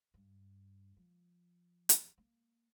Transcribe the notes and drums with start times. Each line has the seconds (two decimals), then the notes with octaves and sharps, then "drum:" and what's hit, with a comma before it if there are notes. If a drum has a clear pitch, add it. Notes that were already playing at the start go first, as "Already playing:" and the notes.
0.14 G2
0.97 F3
1.89 drum: hi-hat
2.18 A#3